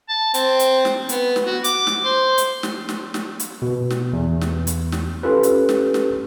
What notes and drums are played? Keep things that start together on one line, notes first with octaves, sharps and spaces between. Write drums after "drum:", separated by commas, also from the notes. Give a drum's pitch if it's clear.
A5
C4, drum: hi-hat
drum: hi-hat
drum: snare
B3, drum: hi-hat
drum: snare
F#4
D6, drum: hi-hat
drum: snare
C5
drum: hi-hat
drum: snare
drum: snare
drum: snare
drum: hi-hat
B2
drum: snare
E2
drum: snare
drum: hi-hat
drum: snare
C#4 F4 G4 A4 B4
drum: hi-hat
drum: snare
drum: snare